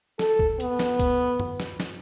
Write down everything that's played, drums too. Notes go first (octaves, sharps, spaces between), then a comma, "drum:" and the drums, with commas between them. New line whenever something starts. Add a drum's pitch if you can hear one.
A4, drum: snare
drum: kick
B3, drum: hi-hat
drum: snare
drum: kick, hi-hat
drum: tom
drum: snare
drum: snare